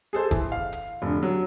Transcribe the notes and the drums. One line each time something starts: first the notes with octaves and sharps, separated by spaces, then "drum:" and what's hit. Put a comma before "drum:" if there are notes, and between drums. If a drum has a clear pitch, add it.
G#4 A4 C5
E3, drum: kick F1, hi-hat
F5
drum: hi-hat
F1 D3
F#3